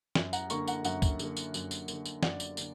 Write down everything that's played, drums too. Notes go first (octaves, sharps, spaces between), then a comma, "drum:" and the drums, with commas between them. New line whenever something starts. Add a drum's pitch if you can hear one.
F#2, drum: snare
F#5 A#5, drum: tambourine
D3 A#3 A#5 C#6, drum: tambourine
F#5 A#5, drum: tambourine
F#2 F#5 A#5, drum: tambourine
drum: kick, tambourine
D3 A#3, drum: tambourine
drum: tambourine
F#2, drum: tambourine
drum: tambourine
D3 A#3, drum: tambourine
drum: tambourine
F#2 D5 F#5, drum: snare
drum: tambourine
D3 A#3, drum: tambourine